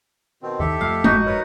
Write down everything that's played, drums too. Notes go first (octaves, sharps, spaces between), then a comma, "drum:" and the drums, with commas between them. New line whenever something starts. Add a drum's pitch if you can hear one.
B2 D#3 C4
D#2 D#3 G4 A4 E5
F2 F3 A3 F5
F#1 F2 G#2 D#4 F#4, drum: tom G#3
A#4 B4 C#5